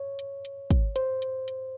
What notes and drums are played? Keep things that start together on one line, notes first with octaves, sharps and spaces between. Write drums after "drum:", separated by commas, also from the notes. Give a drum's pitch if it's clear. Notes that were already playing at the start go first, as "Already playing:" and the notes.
Already playing: C#5
drum: hi-hat
drum: hi-hat
drum: kick, hi-hat
C5, drum: hi-hat
drum: hi-hat
drum: hi-hat